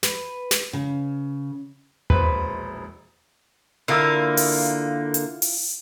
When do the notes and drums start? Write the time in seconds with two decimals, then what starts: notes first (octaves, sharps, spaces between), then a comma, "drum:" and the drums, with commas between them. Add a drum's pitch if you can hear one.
0.03 B4, drum: snare
0.51 drum: snare
0.73 C#3
2.10 E1 A#1 B4 C5, drum: tom D#2
3.88 D3 A#3 E4 F4 E6
4.37 drum: open hi-hat
5.14 drum: hi-hat
5.42 drum: open hi-hat